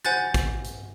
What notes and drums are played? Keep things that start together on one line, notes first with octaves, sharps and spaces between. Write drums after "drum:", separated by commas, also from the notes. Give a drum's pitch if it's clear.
C5 F#5 G#5 F#6 G6 A6, drum: rim click
drum: kick, hi-hat
drum: hi-hat